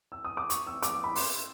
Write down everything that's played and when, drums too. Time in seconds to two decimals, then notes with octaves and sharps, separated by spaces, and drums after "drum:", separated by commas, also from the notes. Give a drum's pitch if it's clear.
0.12 E6
0.25 D#6
0.37 D6
0.50 C#6, drum: hi-hat
0.67 E6
0.82 D6, drum: hi-hat
1.04 B5
1.16 C6, drum: open hi-hat